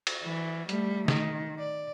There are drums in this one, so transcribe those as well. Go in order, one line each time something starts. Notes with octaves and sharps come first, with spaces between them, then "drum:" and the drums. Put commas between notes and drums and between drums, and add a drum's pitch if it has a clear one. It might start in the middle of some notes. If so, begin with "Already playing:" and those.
drum: cymbal
E3
G3 A3, drum: hi-hat
D#3, drum: snare
D5